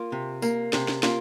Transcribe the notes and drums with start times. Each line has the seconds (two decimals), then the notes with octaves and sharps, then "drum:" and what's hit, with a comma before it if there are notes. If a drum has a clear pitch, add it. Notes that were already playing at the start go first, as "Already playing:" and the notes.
Already playing: A#3 F4
0.12 C3
0.42 A#3, drum: tambourine
0.73 C3, drum: snare
0.88 drum: snare
1.03 A#3 F4, drum: snare